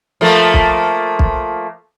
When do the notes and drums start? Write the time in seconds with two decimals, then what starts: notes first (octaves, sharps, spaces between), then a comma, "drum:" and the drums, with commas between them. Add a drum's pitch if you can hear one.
0.21 F3 A3 A#3
0.54 drum: kick B1
1.19 drum: kick B1